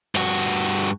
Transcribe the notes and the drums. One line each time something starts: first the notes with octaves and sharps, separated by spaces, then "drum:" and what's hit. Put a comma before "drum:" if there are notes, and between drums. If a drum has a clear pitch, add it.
G2 F#4, drum: open hi-hat